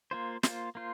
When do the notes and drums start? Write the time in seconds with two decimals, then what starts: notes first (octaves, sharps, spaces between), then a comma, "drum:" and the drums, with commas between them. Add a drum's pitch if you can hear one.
0.11 A#3 F4 C5
0.43 A#3 F4 C5, drum: snare
0.75 A#3 F4 C5